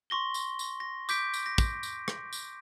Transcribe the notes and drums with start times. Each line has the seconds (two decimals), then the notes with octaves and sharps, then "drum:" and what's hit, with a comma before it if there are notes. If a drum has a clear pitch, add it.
0.10 C6 C#6 A#6 G7
0.34 drum: tambourine
0.59 drum: tambourine
0.80 A#6
1.09 D6 G6 B6 D7, drum: tambourine
1.33 drum: tambourine
1.46 A#6
1.58 drum: kick, tambourine
1.83 drum: tambourine
2.08 drum: rim click
2.33 drum: tambourine